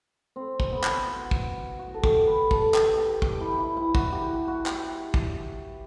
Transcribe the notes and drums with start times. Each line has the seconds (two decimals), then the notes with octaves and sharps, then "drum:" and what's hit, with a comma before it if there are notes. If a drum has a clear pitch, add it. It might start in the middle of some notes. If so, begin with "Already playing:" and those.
0.36 C4
0.60 drum: kick
0.72 B3
0.84 drum: clap
1.07 F#4
1.31 drum: kick
1.79 F#4
1.94 A4
2.04 G4, drum: kick
2.27 B4
2.51 A4, drum: kick
2.74 G4, drum: clap
2.98 G4
3.22 G4, drum: kick
3.40 E4
3.59 E4
3.77 E4
3.95 F#4, drum: kick
4.13 G4
4.48 F#4
4.66 G4, drum: clap
5.14 drum: kick